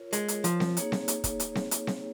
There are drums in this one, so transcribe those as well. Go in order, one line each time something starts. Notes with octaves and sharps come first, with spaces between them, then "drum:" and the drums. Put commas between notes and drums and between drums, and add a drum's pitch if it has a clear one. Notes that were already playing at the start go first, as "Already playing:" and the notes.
Already playing: F4 A#4 C#5
G#3, drum: hi-hat
drum: hi-hat
F3, drum: hi-hat
drum: snare C4
A#3 D#4 G#4 C#5, drum: hi-hat
drum: snare C4
drum: hi-hat
drum: kick, hi-hat
drum: hi-hat
drum: snare C4
drum: hi-hat
drum: snare C4